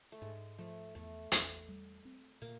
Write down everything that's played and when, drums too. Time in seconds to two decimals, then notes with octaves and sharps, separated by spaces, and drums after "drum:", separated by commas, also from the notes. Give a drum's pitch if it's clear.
0.12 A3
0.22 G#2 G#3
0.58 F3 A3
0.95 E2 A3
1.32 E2, drum: hi-hat
1.69 G3
2.05 C4
2.42 A#2 A#3